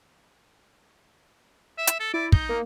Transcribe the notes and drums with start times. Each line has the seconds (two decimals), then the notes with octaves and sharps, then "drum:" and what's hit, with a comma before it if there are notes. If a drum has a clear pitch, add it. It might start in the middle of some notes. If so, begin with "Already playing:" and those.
1.78 E5
1.87 drum: hi-hat
2.00 A4
2.14 E4 D5
2.32 D#4 G6, drum: kick
2.49 A#3